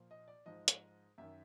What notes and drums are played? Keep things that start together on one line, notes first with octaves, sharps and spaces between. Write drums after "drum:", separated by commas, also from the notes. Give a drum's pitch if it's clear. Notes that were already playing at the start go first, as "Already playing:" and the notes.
Already playing: A#2 F3
D#5
D5
G#2 F3 D#5
drum: hi-hat
F#2 D#3 E5